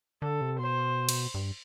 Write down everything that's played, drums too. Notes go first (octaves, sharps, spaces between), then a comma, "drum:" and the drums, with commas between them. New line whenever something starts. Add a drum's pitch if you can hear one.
D3 A4
C3
B2 C5
drum: cymbal
G2